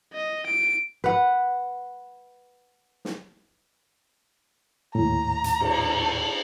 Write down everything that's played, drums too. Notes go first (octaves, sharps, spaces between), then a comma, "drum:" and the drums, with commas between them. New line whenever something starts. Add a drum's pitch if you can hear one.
D#5
D7
B4 F#5
drum: snare
D#2 A2 A#5
drum: hi-hat
drum: cymbal